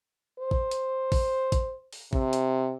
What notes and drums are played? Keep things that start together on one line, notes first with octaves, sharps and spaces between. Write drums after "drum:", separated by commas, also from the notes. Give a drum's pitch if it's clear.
C5
drum: kick A1
drum: hi-hat
drum: kick A1, open hi-hat
drum: kick A1, hi-hat
drum: open hi-hat
C3, drum: kick A1
drum: hi-hat